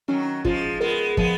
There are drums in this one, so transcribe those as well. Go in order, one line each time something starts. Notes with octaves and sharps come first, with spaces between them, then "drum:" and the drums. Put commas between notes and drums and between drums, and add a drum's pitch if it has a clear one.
D#3 F#3 C#4
F3 G#3 F4, drum: kick
G#3 B3 A#4
F3 G#3 B3, drum: kick